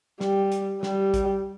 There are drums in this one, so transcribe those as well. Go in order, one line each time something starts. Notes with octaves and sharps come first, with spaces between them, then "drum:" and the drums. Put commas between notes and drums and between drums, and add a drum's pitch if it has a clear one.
G3, drum: snare
drum: hi-hat
G3, drum: snare
drum: kick, hi-hat